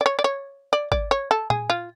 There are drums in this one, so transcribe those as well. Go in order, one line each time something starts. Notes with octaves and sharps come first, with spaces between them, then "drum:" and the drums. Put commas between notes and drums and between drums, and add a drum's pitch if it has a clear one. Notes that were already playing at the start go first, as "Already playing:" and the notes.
D5
C#5
D5
C#5
D5
D5, drum: kick G#1
C#5
A4
G#4, drum: tom A#2
F4